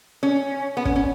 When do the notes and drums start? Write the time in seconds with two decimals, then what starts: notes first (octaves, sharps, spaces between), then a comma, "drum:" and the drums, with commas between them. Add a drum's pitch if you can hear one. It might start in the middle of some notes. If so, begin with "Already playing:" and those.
0.23 C#4
0.77 B3
0.85 C#4, drum: kick
0.96 C#4